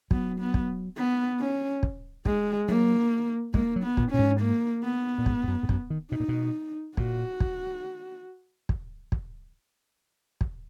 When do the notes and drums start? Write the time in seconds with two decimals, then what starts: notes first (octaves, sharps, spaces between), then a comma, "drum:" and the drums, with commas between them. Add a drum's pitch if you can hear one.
0.11 F#3 B3, drum: kick
0.40 B3
0.54 drum: kick
0.97 B3
1.40 C#4
1.83 drum: kick
2.25 G#3, drum: kick
2.68 F#3 A#3
3.54 G#3 A#3, drum: kick
3.76 F#3
3.83 B3
3.97 A#2, drum: kick
4.11 A#2 C#4
4.19 G#2
4.40 A#3
4.83 B3
5.18 A#2
5.26 G#2, drum: kick
5.44 G#2
5.48 F#2
5.63 G#2
5.69 F#2, drum: kick
5.90 D#3
6.12 B2 D#4
6.20 A#2
6.28 B2
6.97 A#2 F#4, drum: kick
7.40 drum: kick
8.69 drum: kick
9.12 drum: kick
10.41 drum: kick